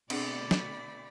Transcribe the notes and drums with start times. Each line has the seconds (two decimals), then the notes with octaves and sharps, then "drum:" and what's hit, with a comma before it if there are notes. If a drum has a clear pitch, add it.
0.10 B2 D3 A3 C4 D4 G#4 D5 B5, drum: cymbal
0.51 drum: snare